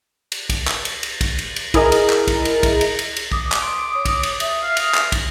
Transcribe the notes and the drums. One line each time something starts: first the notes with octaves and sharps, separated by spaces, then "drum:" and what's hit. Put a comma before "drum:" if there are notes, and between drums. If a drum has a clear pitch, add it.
drum: cymbal
drum: kick, cymbal
drum: clap
drum: cymbal
drum: cymbal
drum: kick, cymbal
drum: cymbal
drum: cymbal
E4 G#4 A#4 D#5, drum: kick, cymbal
drum: cymbal
drum: clap
drum: kick, cymbal
drum: cymbal
drum: kick, cymbal
drum: cymbal
drum: cymbal
drum: cymbal
D6 D#6, drum: kick
drum: clap
C6 D6
C#5
drum: kick, cymbal
drum: cymbal
E5 D#6, drum: cymbal
F5
drum: cymbal
drum: clap
drum: kick, cymbal